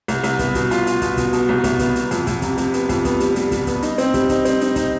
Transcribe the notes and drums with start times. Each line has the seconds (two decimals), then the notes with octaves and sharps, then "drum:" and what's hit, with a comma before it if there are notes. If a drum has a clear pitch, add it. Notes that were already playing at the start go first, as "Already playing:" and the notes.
0.08 C2, drum: hi-hat
0.24 C2, drum: hi-hat
0.39 B3, drum: kick, hi-hat
0.55 B2, drum: kick, hi-hat
0.71 F4, drum: hi-hat
0.87 F4, drum: hi-hat
1.02 B2, drum: kick, hi-hat
1.17 B2, drum: kick, hi-hat
1.33 B2, drum: hi-hat
1.49 C2
1.64 C2, drum: kick, hi-hat
1.79 B3, drum: kick, hi-hat
1.96 B3, drum: hi-hat
2.11 F2, drum: hi-hat
2.27 F2, drum: kick, hi-hat
2.42 C3, drum: kick, hi-hat
2.58 C3, drum: hi-hat
2.74 B3, drum: hi-hat
2.89 F2, drum: kick, hi-hat
3.05 B3, drum: kick, hi-hat
3.20 G3, drum: hi-hat
3.36 G3, drum: hi-hat
3.52 G3, drum: kick, hi-hat
3.67 B3, drum: kick, hi-hat
3.82 D#4, drum: hi-hat
3.98 C4, drum: hi-hat
4.14 G3, drum: kick, hi-hat
4.29 D#4, drum: kick, hi-hat
4.45 C4, drum: hi-hat
4.61 D#4, drum: hi-hat
4.76 D#4, drum: kick, hi-hat